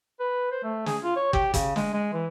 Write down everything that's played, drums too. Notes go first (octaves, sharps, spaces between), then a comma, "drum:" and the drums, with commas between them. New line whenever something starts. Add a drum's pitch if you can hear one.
B4
C5
A3
G#4, drum: snare
F4
C#5
G4, drum: kick
C#3, drum: kick, hi-hat
G#3, drum: snare
G#3
E3